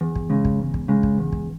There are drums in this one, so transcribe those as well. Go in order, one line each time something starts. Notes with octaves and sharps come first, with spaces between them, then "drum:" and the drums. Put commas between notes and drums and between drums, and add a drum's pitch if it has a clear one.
E2
drum: kick
C#3 G#3
drum: kick
E2
drum: kick
C#3 G#3
drum: kick
E2
drum: kick